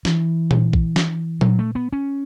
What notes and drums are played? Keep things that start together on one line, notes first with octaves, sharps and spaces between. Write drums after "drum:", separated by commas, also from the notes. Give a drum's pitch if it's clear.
E3, drum: snare
drum: tom A#2
drum: kick A#1
drum: snare
F#3, drum: tom A#2
A3
B3
C#4